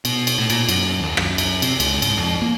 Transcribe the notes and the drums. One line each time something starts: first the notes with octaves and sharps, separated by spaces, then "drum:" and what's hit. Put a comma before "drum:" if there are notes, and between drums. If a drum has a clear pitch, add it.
B2, drum: cymbal
drum: cymbal
A2
A#2, drum: cymbal
F#2, drum: cymbal
D#2
F#2, drum: rim click
drum: cymbal
C3, drum: cymbal
C#2, drum: cymbal
G#2, drum: cymbal
F2
A#3